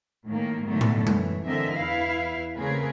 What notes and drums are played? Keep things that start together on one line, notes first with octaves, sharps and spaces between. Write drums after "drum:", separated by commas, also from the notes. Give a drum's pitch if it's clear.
A2 D#3 G#3 A#3
G#2 B2 D3 D#3 F#3 A3
drum: tom A2
F#2 E3, drum: tom G3
D3 E3 C4 A#4 D#5 E5
E2 E4 B4 F5
C#3 A3 C4 G#4 A#4 B4